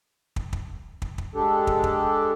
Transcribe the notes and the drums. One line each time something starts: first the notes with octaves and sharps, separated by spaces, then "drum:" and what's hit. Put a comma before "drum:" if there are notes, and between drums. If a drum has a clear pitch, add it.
drum: kick
drum: kick
drum: kick
drum: kick
G#3 D4 G4 A4
drum: kick
drum: kick